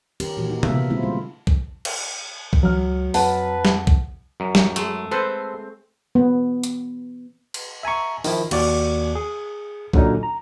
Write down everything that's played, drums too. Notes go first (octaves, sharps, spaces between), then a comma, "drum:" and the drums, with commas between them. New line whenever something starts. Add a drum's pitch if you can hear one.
D#3 C#4 G4 A#4, drum: cymbal
A#2 E3 F#4 G4
D#4
B3 E4 E5 F5, drum: tom C3
D#3 G#3 A#3 C4 E4 F4
C#3 G3 A3 C5
drum: kick
drum: cymbal
drum: kick
C#2 F#3 F6
F2 B4 F#5 A5, drum: open hi-hat
drum: snare
drum: kick
F#2
drum: snare
G#3 A3, drum: hi-hat
C4 A4 B4 C5
B3
drum: hi-hat
drum: cymbal
E5 G#5 A#5 C#6
D#3 F3 E4, drum: open hi-hat
D#2 F#4 D5 D6, drum: cymbal
G#4
A#2 D3 F#3 C#4 D#4, drum: kick
A#5